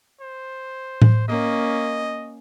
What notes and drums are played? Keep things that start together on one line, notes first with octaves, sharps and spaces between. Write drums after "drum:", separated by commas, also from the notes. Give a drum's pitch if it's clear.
C5
drum: tom A2
A#3 C#4 D#5